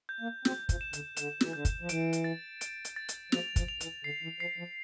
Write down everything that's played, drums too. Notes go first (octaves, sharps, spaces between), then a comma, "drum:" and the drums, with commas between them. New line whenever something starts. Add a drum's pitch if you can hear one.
G6
A#3
C4 G6, drum: snare
F3, drum: kick, hi-hat
E7
D3, drum: hi-hat
D3 E7, drum: hi-hat
E3, drum: snare
D3 G6
drum: kick, hi-hat
F3
E3 D7, drum: hi-hat
drum: hi-hat
A6
D7, drum: hi-hat
drum: hi-hat
A6
drum: hi-hat
F3 F7, drum: snare
F3, drum: kick, hi-hat
F7
E3, drum: hi-hat
D3 C7
E3
F3 C7
F3